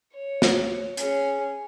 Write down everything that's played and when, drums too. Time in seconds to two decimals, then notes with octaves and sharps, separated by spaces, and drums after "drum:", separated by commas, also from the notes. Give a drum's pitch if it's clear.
0.14 C#5
0.42 drum: snare
0.97 C#4 G#4, drum: hi-hat